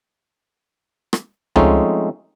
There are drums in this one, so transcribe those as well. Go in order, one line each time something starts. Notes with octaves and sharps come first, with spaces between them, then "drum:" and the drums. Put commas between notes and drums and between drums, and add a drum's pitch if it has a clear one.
drum: rim click
F3 G#3 A3 C4 C#4 D#4, drum: tom C#2